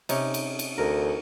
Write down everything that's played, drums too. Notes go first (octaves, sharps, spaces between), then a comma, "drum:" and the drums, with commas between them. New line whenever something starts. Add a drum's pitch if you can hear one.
C3 C#4 D#4, drum: cymbal
drum: cymbal
drum: cymbal
D2 A#4